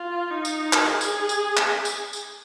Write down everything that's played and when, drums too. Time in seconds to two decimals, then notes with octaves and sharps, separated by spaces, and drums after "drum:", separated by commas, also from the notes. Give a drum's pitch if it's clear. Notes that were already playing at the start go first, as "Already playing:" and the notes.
Already playing: F4
0.31 D#4
0.45 drum: tambourine
0.73 drum: clap
0.87 G#4
1.01 drum: tambourine
1.29 drum: tambourine
1.57 drum: clap
1.85 drum: tambourine
2.13 drum: tambourine